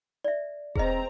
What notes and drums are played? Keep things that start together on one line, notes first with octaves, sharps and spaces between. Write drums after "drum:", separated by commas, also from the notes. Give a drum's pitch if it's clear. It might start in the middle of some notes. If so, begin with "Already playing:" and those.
D5 E5
C4 G#4 B4 D#5 A#5, drum: kick E1